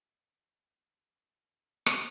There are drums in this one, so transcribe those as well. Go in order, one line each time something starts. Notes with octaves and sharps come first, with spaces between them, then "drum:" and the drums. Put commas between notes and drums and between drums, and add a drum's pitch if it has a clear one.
A#1 E7
A3 F#4 G4 C#5
D2 C3 D4
F2 D3 E4
C#6 D6 F6 D7
G4 C5 D5 F#5 D6
drum: rim click